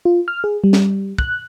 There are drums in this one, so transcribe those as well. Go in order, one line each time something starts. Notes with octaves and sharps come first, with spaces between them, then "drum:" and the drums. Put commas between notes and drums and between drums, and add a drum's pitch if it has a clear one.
F4
F6
G#4
G3
drum: snare
F#6, drum: kick